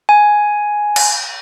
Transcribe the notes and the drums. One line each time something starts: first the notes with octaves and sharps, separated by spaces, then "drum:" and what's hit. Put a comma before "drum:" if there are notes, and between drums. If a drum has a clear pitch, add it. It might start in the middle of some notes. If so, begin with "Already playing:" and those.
G#5
drum: cymbal